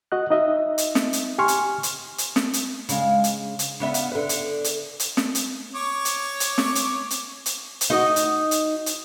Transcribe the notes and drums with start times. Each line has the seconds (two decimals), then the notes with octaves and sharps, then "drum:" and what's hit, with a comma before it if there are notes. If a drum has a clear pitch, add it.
0.12 F#4 D#5 F#6
0.30 D#4 D#5 E5
0.78 drum: hi-hat
0.95 drum: snare
1.13 drum: hi-hat
1.38 G4 G#5 C6 C#6 F6
1.48 drum: hi-hat
1.83 drum: hi-hat
2.18 drum: hi-hat
2.36 drum: snare
2.53 drum: hi-hat
2.89 C#3 G#3 F5, drum: hi-hat
3.24 drum: hi-hat
3.59 drum: hi-hat
3.80 C#3 B3 E5
3.94 drum: hi-hat
4.12 D3 B4
4.29 drum: hi-hat
4.64 drum: hi-hat
5.00 drum: hi-hat
5.17 drum: snare
5.35 drum: hi-hat
5.75 C#5 C#6 D6
6.05 drum: hi-hat
6.40 drum: hi-hat
6.58 drum: snare
6.75 drum: hi-hat
7.10 drum: hi-hat
7.46 drum: hi-hat
7.81 drum: hi-hat
7.90 D#4 F#4 D#5
8.16 drum: hi-hat
8.51 drum: hi-hat
8.86 drum: hi-hat